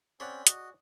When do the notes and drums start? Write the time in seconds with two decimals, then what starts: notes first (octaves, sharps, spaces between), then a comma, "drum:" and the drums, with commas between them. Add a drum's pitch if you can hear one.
0.20 C4 C#4 G#4 C#5 D5 F#5 B5 C6
0.47 F#4 D#5, drum: hi-hat